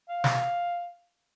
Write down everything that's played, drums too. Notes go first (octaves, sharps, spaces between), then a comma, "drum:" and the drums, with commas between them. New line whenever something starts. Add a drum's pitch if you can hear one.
F5
drum: snare